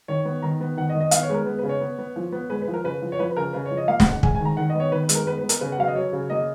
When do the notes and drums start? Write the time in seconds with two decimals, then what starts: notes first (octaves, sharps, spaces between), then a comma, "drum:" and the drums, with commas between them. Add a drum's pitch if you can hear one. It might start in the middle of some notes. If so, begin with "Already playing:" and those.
0.08 D#3 C#5
0.25 B3
0.43 D#3 A#5
0.61 B3
0.77 D#3 F#5
0.89 D#5
0.95 D#3
1.00 D#5
1.11 B3 F5, drum: hi-hat
1.23 C#5
1.29 G#3 B4
1.34 A#4
1.46 B3
1.59 C#3 B4
1.69 C#5
1.81 B3
1.99 B3
2.16 F3
2.32 B3
2.50 G#3 B4
2.62 B4
2.68 F3
2.74 A#4
2.84 C#3 B4
3.02 F3
3.12 C#5
3.19 F3 B4
3.31 B4
3.36 C#3 A#4
3.53 C#3 B4
3.66 F3 C#5
3.77 D#5
3.88 A#3 F5
4.00 F#5, drum: snare
4.06 C#3
4.11 F#5
4.23 G#3 G#5, drum: kick
4.35 G#5
4.41 D#3 A#5
4.57 D#3 F#5
4.70 D#5
4.75 B3
4.80 C#5
4.92 D#3 B4
5.04 B4
5.09 G#3, drum: hi-hat
5.15 A#4
5.26 B3 B4
5.38 B4
5.44 B3
5.49 A#4, drum: hi-hat
5.61 C#3 B4
5.72 F#5
5.78 F#3 F5
5.88 D#5
5.95 F#3 C#5
6.13 C#3
6.30 A#3 D#5